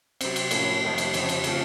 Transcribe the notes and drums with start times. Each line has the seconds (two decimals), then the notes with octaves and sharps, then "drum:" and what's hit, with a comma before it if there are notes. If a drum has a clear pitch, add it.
0.21 C3 F#3 C4, drum: cymbal
0.36 drum: cymbal
0.51 A2 F3 A#3 C#4, drum: cymbal
0.82 F2 C3 D#3 A3 D#4
0.98 drum: cymbal
1.14 F2 C#3 F3 C4 D#4, drum: cymbal
1.29 drum: cymbal
1.44 C#3 F3 A3 C4 F4, drum: cymbal